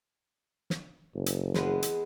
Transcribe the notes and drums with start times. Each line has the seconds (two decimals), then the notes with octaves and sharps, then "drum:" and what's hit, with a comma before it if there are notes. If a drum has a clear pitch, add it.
0.70 drum: snare
1.15 F#1
1.26 drum: hi-hat
1.54 E2 G#3 B4, drum: snare
1.83 drum: hi-hat